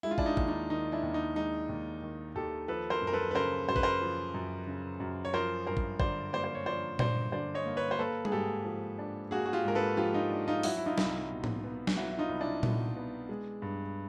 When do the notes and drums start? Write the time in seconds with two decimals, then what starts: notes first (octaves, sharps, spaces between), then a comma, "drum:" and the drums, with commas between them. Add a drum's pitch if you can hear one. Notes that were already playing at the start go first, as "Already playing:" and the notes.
0.03 G#3 E4
0.11 F4
0.18 D4 E4, drum: kick
0.26 D#4
0.37 D#2, drum: kick
0.48 D#4
0.70 D#3 D#4
0.92 D4 E4
1.03 D#2
1.14 D#4
1.36 G#3 D#4
1.69 D#2
2.03 D#3
2.35 D#2 G4 A4
2.68 F3 A4 B4
2.90 A#4 C5
3.02 F#2
3.07 A#4
3.13 A4 B4
3.31 B4
3.35 C#3 A#4 C5
3.68 F#2 C5
3.76 B4, drum: kick
3.83 A#4 C5
4.02 F3
4.34 F#2
4.67 C#3
5.00 F#2
5.25 C#5
5.34 F3 A#4 C5
5.66 G2 A#4 C5
5.77 drum: kick
6.00 D3 C5 D5, drum: kick
6.33 A#3 C5 D5
6.44 C5
6.55 C#5
6.66 F3 C5 D5
6.99 G2 C5 D5, drum: tom A#2
7.32 D3 C5 D5
7.55 C#5 D#5
7.66 A#3
7.77 B4 C#5
7.91 C5
7.99 A#3 A4 B4
8.25 G#4, drum: tom G3
8.32 G#2 G4 A4
8.65 F3
8.99 D4
9.31 A#3 F#4 G#4
9.46 F#4
9.53 F4 G4
9.64 G#2 A#4
9.75 A4 B4
9.97 F3 F4 G4
10.14 D#4 F4
10.31 D4
10.48 D#4 F4
10.63 F#3 E4 F#4, drum: open hi-hat
10.77 E4
10.86 D#4 F4
10.98 C2, drum: snare
11.30 B2
11.44 drum: tom
11.64 B3
11.87 drum: snare
11.97 F#3 E4 F#4
12.12 E4
12.19 D#4 F4
12.29 C2
12.41 D4 E4
12.63 B2, drum: tom A#2
12.97 B3
13.29 G#3
13.62 G2